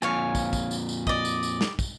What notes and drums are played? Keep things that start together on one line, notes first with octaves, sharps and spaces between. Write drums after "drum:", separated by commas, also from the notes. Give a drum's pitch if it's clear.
F2 A#2 C#5 F5 G#5
drum: kick, tambourine
drum: kick, tambourine
drum: tambourine
drum: tambourine
D5 D#5, drum: kick
drum: tambourine
drum: tambourine
drum: snare
drum: kick, tambourine